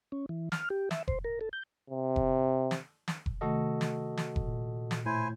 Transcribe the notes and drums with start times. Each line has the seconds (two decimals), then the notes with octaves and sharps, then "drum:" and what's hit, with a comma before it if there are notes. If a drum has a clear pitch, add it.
0.12 C#4
0.29 E3
0.52 F6, drum: snare
0.70 G4
0.91 E5, drum: snare
1.08 C5, drum: kick F1
1.24 A#4
1.41 A4
1.53 G6
1.90 C3
2.16 drum: kick F1
2.71 drum: snare
3.08 drum: snare
3.26 drum: kick F1
3.41 C3 D#3 A3 F#4 A4 D#5
3.81 drum: snare
4.17 drum: snare
4.36 drum: kick F1
4.47 A#2
4.91 drum: snare
5.06 A2 E4 C5 G#5